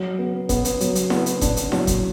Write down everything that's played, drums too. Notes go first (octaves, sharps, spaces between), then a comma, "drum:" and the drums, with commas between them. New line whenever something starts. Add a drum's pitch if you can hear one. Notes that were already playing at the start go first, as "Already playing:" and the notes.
Already playing: F#3
B3
B3, drum: kick F#1, hi-hat
drum: hi-hat
F#3, drum: hi-hat
drum: hi-hat
B3, drum: snare E4
drum: hi-hat
D4, drum: kick F#1, hi-hat
drum: hi-hat
F#3, drum: snare E4
drum: kick F#1, hi-hat